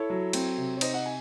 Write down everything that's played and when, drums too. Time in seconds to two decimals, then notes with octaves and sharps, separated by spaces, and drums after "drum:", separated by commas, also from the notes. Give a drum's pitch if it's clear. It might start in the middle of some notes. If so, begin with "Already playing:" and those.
Already playing: E4 A4 C#5
0.10 F#3
0.33 C4, drum: cymbal
0.58 C3
0.77 C#5
0.81 D#4 C5 D#5, drum: cymbal
0.94 D#5 F#5
1.06 G#5